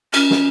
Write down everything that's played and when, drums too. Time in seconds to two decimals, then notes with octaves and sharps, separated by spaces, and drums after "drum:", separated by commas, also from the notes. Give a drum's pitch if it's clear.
0.14 C#4, drum: cymbal
0.31 drum: snare